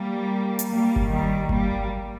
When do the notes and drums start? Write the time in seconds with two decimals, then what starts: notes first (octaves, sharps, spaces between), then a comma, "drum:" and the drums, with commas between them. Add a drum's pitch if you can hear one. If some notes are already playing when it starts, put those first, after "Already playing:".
Already playing: G3 A#3
0.59 drum: hi-hat
0.70 G3 A#3
0.96 drum: kick G1
1.10 D#3 G3
1.49 G3 A#3, drum: kick G1